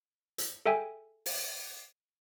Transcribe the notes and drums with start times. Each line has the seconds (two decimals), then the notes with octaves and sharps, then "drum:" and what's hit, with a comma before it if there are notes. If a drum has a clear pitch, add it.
0.38 drum: hi-hat
0.66 G#4 A4 E5 G5 G#5
1.26 drum: open hi-hat